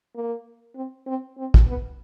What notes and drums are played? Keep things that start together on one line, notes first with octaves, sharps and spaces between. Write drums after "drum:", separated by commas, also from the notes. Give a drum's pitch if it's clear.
A#3
C4
C4
C4
drum: kick
B3